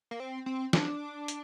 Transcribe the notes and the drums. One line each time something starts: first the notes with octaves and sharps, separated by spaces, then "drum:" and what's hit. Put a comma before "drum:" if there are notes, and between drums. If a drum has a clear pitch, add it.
A#3
C4
C4
D4, drum: snare
drum: hi-hat